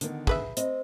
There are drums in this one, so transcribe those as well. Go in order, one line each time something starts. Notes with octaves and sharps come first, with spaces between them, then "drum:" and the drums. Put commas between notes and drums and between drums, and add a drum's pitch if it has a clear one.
D3 D#3 B3, drum: hi-hat
G#4 B4 E5, drum: kick
C4 C5 D#5, drum: hi-hat